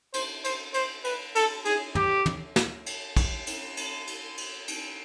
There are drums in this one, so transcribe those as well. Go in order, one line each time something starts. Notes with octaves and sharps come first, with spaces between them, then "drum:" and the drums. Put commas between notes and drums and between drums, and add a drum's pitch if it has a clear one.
C5, drum: cymbal
C5, drum: cymbal
C5, drum: cymbal
B4, drum: cymbal
A4, drum: cymbal
G#4, drum: cymbal
G4, drum: tom
drum: tom
drum: snare
drum: cymbal
drum: kick, cymbal
drum: cymbal
drum: cymbal
drum: cymbal
drum: cymbal
drum: cymbal